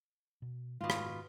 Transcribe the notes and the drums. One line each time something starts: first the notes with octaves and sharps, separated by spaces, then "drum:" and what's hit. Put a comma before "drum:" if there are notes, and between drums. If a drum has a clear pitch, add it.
B2
G#2 B2 D#3 G#3 F4
drum: rim click